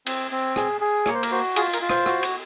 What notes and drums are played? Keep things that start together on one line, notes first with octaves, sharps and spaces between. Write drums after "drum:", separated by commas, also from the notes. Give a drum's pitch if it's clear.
C4, drum: cymbal
C4
G#4, drum: rim click
G#4
A#3 C#5, drum: rim click
C5
A#4, drum: cymbal
F#4 C5
F4 G#4, drum: cymbal
A#4, drum: cymbal
F4
C5, drum: rim click
F#4, drum: rim click
drum: cymbal